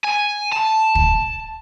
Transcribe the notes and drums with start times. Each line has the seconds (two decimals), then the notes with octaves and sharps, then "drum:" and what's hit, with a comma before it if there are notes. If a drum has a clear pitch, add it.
0.04 G#5
0.53 A5
0.95 drum: kick